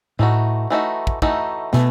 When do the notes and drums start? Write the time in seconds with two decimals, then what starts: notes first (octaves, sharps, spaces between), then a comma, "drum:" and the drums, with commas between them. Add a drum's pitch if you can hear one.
0.19 A2 E3 A3 D#4 F#4
0.70 E3 A3 D#4 F#4
1.07 drum: kick
1.22 E3 A3 D#4 F#4, drum: kick
1.73 B2 E3 A3, drum: snare